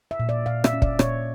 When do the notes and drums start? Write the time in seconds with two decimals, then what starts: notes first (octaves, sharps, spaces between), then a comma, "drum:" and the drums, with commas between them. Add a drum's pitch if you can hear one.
0.11 E5
0.20 A#2
0.29 D5
0.46 A#2 F5
0.64 E5, drum: rim click
0.73 C#4
0.82 D5, drum: kick
0.99 A#2 C#5, drum: rim click